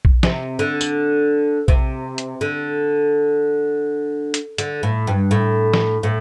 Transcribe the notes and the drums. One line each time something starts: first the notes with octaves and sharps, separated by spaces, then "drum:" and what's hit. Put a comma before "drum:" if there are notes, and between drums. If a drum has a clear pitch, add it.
drum: kick A#1
C3, drum: snare
D3
drum: tambourine
C3, drum: kick A#1
drum: hi-hat
D3
drum: hi-hat
D3, drum: hi-hat
A2
G2
A2
drum: snare
A2